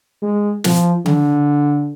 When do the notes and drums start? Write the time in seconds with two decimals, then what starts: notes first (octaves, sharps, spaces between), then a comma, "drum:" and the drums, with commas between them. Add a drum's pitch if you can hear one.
0.22 G#3
0.64 F3, drum: snare
1.06 D3, drum: tom D3